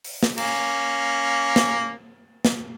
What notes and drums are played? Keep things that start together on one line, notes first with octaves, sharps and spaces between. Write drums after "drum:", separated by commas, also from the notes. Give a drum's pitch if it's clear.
drum: open hi-hat
drum: snare
A#3 C#4, drum: cymbal
drum: snare
drum: snare